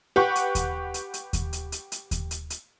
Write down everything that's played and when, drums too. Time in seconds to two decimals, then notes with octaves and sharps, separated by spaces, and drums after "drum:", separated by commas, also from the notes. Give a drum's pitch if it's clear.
0.16 G4 B4 F#5 C#6
0.35 drum: hi-hat
0.55 drum: kick D#2, hi-hat
0.94 drum: hi-hat
1.14 drum: hi-hat
1.33 drum: kick D#2, hi-hat
1.53 drum: hi-hat
1.72 drum: hi-hat
1.92 drum: hi-hat
2.11 drum: kick D#2, hi-hat
2.31 drum: hi-hat
2.50 drum: hi-hat